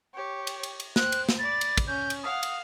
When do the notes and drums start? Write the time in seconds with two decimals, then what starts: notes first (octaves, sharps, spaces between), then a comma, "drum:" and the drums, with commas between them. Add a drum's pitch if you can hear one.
0.13 G4 C#5
0.47 drum: cymbal
0.63 drum: cymbal
0.80 drum: cymbal
0.96 C5 G5 F#6, drum: snare
1.12 drum: cymbal
1.29 drum: snare
1.39 D5 B5 A6
1.61 drum: cymbal
1.77 drum: kick, cymbal
1.87 C#4 G6
2.10 drum: cymbal
2.23 F5 F#5 D#6
2.43 drum: cymbal